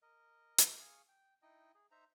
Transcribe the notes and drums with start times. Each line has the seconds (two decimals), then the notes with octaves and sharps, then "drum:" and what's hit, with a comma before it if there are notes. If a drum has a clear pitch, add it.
0.02 A#4 D#5
0.58 drum: hi-hat
0.79 G#4 F5 G#5 C#6
1.09 G5
1.42 D#4 E4 D#5 G5
1.75 G#4
1.91 D#4 C5 E5 A#5